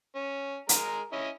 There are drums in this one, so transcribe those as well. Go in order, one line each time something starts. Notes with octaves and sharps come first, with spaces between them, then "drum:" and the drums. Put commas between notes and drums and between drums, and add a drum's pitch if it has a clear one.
C#4
G#3 A#4 A#5, drum: hi-hat
C#4 E4 D#5